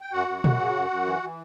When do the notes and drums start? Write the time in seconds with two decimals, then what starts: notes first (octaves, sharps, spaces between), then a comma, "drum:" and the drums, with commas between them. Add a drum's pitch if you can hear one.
0.01 G5
0.13 F#2 F#4 F#5
0.28 F#2
0.44 F#2, drum: tom A#2
0.59 C#3
0.75 F#2
0.90 F#2
1.06 E3
1.22 E3